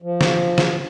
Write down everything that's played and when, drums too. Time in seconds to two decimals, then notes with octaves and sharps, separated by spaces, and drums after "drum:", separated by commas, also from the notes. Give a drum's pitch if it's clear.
0.02 F3
0.21 drum: snare
0.58 drum: snare